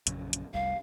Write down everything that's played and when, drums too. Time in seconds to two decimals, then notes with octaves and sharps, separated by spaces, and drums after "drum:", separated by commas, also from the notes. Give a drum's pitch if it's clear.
0.07 A#1 F#2 C#3, drum: hi-hat
0.33 drum: hi-hat
0.54 F1 C2 G3 F5